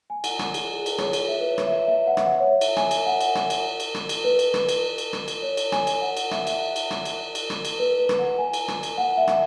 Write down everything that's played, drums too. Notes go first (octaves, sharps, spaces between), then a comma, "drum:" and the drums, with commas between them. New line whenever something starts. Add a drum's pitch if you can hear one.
G#5
F#5, drum: cymbal
drum: rim click
G#4, drum: cymbal
G#4
B4, drum: cymbal
C#5, drum: rim click
drum: cymbal
E5
B4
C#5
drum: rim click
E5
E5
F#5
drum: rim click
F#5
C#5
E5
drum: cymbal
G#5, drum: rim click
drum: cymbal
F#5
drum: cymbal
drum: rim click
drum: cymbal
drum: cymbal
drum: rim click
drum: cymbal
B4
drum: cymbal
drum: rim click
drum: cymbal
drum: cymbal
drum: rim click
drum: cymbal
C#5
drum: cymbal
G#5, drum: rim click
drum: cymbal
G#5
F#5
drum: cymbal
E5, drum: rim click
F#5
E5, drum: cymbal
drum: cymbal
drum: rim click
drum: cymbal
drum: cymbal
drum: rim click
drum: cymbal
B4
B4
drum: rim click
F#5
G#5
drum: cymbal
drum: rim click
drum: cymbal
F#5
E5
drum: rim click